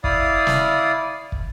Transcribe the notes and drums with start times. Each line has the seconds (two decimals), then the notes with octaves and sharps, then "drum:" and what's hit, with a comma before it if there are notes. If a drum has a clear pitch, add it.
0.04 E4 D5 F5 D#6, drum: kick
0.47 drum: snare
1.32 drum: kick